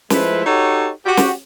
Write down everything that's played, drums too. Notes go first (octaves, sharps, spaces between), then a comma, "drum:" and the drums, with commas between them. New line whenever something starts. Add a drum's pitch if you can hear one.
F3 G#3 A3 E4 B4 C5, drum: snare
D#4 F#4 G4 A4 C#5
F#4 G4
drum: snare